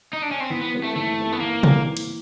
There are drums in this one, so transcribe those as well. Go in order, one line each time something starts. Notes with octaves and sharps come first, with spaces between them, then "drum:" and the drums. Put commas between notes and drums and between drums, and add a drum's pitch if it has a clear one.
D#4
D4
C#4
C4
E3 B3
B3
G3 C4
A3
E3 A3
G3 C4
B3
E3 A#3
G3 C4, drum: tom B2
E3
drum: cymbal